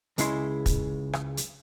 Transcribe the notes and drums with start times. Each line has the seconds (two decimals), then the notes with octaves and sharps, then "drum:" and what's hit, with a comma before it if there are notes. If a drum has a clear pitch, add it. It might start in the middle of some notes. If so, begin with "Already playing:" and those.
0.18 C#2 C#3 G#3 E4 G#4 C6, drum: hi-hat
0.66 drum: kick, hi-hat
1.13 drum: rim click
1.37 drum: hi-hat